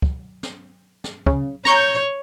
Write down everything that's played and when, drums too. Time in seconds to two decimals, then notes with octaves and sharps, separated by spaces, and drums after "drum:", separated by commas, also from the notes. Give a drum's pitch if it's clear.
0.02 drum: kick
0.43 drum: snare
1.04 drum: snare
1.26 C#3, drum: kick
1.65 C#5 A#5 C#6 G6, drum: snare